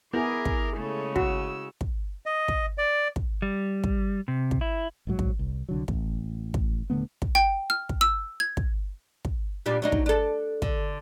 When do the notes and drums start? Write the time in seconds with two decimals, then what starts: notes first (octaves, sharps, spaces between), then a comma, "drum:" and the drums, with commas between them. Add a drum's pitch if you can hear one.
0.14 B3 E4 G#4 A#4 D6
0.45 drum: kick
0.76 C#3 G#3 A3 A4 C#5
1.16 F#4 E6, drum: kick
1.81 drum: kick
2.26 D#5
2.48 drum: kick
2.78 D5
3.16 drum: kick
3.42 G3
3.84 drum: kick
4.28 C3
4.51 drum: kick
4.61 E4
5.07 A#1 G#2 F#3
5.19 drum: kick
5.39 C2
5.69 C2 D3 F#3
5.88 A1, drum: kick
6.54 drum: kick
6.90 D#1 D3 A3 B3
7.22 drum: kick
7.35 G5
7.70 F6
7.89 drum: kick
8.01 E6
8.40 G#6
8.57 drum: kick
9.25 drum: kick
9.66 A#2 G3 D4
9.82 F#3 D4 D#4
9.92 drum: kick
10.06 D4 A4
10.62 D3, drum: kick